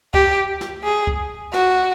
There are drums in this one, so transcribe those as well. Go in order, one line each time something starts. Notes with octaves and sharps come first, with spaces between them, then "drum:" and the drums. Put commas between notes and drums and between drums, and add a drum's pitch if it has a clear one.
G4, drum: kick C#2
drum: snare
G#4
drum: kick C#2
F#4, drum: snare